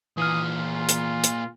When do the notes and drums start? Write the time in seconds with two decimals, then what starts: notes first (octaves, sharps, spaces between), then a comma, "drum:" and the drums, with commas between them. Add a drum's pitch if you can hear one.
0.18 A#2 E3 G#4 D#6 F6
0.54 F4
0.89 drum: hi-hat
1.24 drum: hi-hat